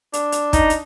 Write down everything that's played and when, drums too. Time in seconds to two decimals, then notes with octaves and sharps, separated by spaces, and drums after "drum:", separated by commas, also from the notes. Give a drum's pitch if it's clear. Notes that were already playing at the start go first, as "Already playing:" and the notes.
0.13 D4, drum: hi-hat
0.32 drum: hi-hat
0.53 D#4, drum: kick, hi-hat
0.70 drum: hi-hat